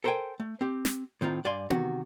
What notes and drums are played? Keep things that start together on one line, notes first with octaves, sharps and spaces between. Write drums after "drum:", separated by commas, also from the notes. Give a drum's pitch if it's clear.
A4 A#4 C5 E5 G5 G#5
A3
C4 G4
drum: snare
A2 D#3 C4 F4 A#5
G2 D5 F5 G#5 C6
C3 D#3 F#4, drum: tom B3